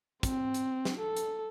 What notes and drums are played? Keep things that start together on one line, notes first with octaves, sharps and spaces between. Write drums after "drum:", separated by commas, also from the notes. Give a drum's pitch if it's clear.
C4, drum: kick, hi-hat
drum: hi-hat
drum: snare
A4
drum: hi-hat